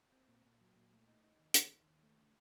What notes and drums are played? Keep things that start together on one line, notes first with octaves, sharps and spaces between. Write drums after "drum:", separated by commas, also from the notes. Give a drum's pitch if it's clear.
C4
A#2
A#2
F#3
A#2
A3
D#4
D#4
D#2
D#2, drum: hi-hat
D#3
D#2
A3
D3